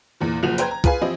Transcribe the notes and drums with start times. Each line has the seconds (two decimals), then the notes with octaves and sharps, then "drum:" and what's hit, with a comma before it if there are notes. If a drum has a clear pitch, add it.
0.20 E2 A#2 E3
0.43 F#1 F3 A#3 F#4 F7
0.58 B4 C5 G5 A#5 G#6, drum: hi-hat
0.71 A#5
0.84 F4 G#4 B4 F5 G#5, drum: kick C2, hi-hat
1.01 E3 F3 C4 E4 G4 D#5